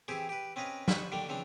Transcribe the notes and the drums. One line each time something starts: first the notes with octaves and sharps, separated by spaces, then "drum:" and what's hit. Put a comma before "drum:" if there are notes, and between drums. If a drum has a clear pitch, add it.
E3 C4 E4 G4 G#4
G4 B4
C4 C#4 B4 D#5 F5
B4 C5 B5 C#6, drum: snare
D3 D#3 G3 A#3 D4
C#3 E3 F3 C4 D4